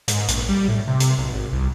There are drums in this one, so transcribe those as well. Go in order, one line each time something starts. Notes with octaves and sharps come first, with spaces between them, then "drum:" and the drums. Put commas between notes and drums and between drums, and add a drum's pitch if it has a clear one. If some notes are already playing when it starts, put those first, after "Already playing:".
G#2, drum: hi-hat
A#1, drum: hi-hat
G3
A2
C3
drum: hi-hat
B1
G#1
C2